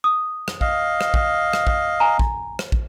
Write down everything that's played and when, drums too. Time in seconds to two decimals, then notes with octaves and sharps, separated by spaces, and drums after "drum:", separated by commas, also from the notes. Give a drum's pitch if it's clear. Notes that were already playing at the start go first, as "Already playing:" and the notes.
0.04 D#6
0.48 drum: rim click
0.61 D#5 F5, drum: kick
1.01 drum: rim click
1.14 drum: kick
1.53 drum: rim click
1.67 drum: kick
2.00 G#5 A#5
2.19 drum: kick
2.59 drum: rim click
2.72 drum: kick